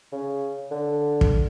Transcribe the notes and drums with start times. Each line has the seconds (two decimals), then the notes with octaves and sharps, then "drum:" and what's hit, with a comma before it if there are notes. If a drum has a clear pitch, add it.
0.13 C#3
0.71 D3
1.21 drum: kick